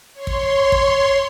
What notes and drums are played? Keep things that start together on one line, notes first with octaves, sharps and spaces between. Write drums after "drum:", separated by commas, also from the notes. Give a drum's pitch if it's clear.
C#5 C6
drum: kick
drum: kick